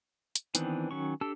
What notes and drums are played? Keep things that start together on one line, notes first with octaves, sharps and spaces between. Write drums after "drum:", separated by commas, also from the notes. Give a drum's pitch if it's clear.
drum: hi-hat
D#3 E3 B3 C4 D4, drum: hi-hat
D#3 F#3 C#4 C#6
D4 G4 A4 A5 E6